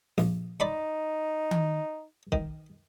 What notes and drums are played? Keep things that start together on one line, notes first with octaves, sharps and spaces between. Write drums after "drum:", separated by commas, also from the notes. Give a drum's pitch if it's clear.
A#1, drum: snare
D#4 D5 B5 C6
drum: tom D#3
D#3, drum: kick B1